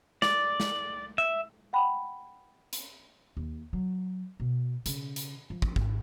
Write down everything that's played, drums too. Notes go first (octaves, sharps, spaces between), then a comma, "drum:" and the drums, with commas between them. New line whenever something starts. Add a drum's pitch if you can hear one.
D5, drum: snare
drum: snare
E5
F#5 G5 B5
drum: hi-hat
D#2
F#3
B2
C#3, drum: hi-hat
drum: hi-hat
F3
drum: kick
G#1, drum: kick